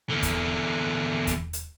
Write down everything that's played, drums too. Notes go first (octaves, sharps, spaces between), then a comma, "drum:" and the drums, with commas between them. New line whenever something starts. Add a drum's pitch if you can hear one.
E2 D3
drum: kick E2, hi-hat
drum: kick E2, hi-hat
drum: hi-hat